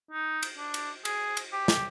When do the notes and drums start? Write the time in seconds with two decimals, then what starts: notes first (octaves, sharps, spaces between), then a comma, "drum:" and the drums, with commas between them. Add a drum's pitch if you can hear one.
0.11 D#4
0.43 drum: cymbal
0.58 D4
0.74 drum: cymbal
1.05 G#4, drum: cymbal
1.37 drum: cymbal
1.52 G4
1.68 drum: snare